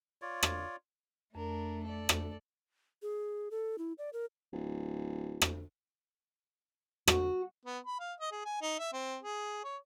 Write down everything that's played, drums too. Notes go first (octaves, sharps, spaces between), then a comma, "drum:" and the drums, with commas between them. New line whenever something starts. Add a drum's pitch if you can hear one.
F4 C#5 D5
drum: rim click
F2 A3 D4 A#4
A4 D5
drum: rim click
G#4
A4
E4
D5
A#4
D1
drum: rim click
F#4, drum: rim click
B3
B5
F5
D#5
G#4
G#5
D#4
E5
C4
G#4
C#5